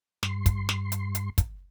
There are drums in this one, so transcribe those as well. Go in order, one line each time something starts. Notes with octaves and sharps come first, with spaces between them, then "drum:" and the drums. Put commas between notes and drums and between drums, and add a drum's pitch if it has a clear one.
G2 C6, drum: snare
drum: kick, hi-hat
drum: snare
drum: hi-hat
drum: hi-hat
drum: kick, hi-hat